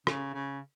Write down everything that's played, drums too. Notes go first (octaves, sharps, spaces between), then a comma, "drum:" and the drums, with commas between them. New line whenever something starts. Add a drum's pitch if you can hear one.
C#3, drum: rim click
C#3